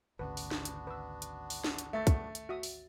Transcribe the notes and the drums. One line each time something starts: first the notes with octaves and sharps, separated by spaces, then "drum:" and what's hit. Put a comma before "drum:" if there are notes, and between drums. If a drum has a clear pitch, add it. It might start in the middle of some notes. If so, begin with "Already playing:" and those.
G#1 D2 C#3 B3 D4 F#4 B4
drum: open hi-hat
drum: snare
drum: hi-hat
B4 E6
drum: hi-hat
drum: open hi-hat
drum: snare
drum: hi-hat
A3 E5 A6
drum: kick, hi-hat
drum: hi-hat
F#4 E5 D#6
drum: open hi-hat